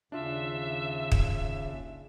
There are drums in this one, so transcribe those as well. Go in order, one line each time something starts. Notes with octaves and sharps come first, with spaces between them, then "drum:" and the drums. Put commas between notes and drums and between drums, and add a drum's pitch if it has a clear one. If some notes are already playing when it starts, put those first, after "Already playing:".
D#2 C#3 D4 F4 E5
drum: kick